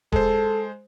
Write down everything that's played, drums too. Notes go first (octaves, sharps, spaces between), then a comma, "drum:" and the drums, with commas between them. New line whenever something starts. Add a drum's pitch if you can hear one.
G#3 A4 C5, drum: kick E1